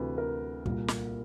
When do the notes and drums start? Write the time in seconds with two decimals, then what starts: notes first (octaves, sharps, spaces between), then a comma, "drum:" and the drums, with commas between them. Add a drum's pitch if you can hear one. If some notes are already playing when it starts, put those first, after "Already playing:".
Already playing: D2 C3 E3 B4
0.18 A#4
0.66 C2 A#2, drum: kick
0.88 drum: snare